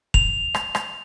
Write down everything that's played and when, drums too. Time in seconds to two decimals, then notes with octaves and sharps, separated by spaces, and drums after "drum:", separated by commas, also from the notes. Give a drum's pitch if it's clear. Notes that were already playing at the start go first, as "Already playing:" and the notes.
0.14 F7, drum: kick
0.54 drum: rim click
0.75 drum: rim click